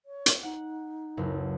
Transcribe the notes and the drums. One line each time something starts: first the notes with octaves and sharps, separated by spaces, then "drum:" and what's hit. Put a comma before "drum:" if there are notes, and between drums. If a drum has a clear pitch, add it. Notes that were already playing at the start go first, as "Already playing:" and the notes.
C#5
drum: hi-hat
D#4 F#5
F#1 C#2